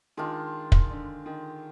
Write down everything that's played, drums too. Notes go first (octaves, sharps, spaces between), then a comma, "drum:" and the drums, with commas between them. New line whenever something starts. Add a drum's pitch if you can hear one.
D#3 G#3 D4 F4
drum: kick
D3
D#3